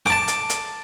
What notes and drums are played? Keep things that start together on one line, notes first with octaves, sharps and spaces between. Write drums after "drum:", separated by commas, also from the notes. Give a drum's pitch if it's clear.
A5 D6, drum: rim click
drum: hi-hat
drum: hi-hat